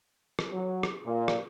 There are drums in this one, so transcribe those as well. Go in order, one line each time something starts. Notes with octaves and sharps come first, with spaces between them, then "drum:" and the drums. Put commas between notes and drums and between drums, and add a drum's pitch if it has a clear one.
drum: rim click
F#3
drum: rim click
A#2
drum: rim click